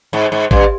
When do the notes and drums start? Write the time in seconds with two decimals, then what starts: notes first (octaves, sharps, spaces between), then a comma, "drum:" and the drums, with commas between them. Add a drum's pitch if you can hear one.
0.13 G#2
0.32 G#2
0.51 G2, drum: kick